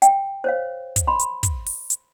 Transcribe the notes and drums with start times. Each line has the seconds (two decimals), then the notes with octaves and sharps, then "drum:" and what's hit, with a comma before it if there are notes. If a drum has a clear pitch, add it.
0.02 G5, drum: hi-hat
0.44 C5 C#5 F5
0.96 drum: kick, hi-hat
1.07 B5 C6
1.19 drum: hi-hat
1.43 drum: kick, hi-hat
1.66 drum: open hi-hat
1.90 drum: hi-hat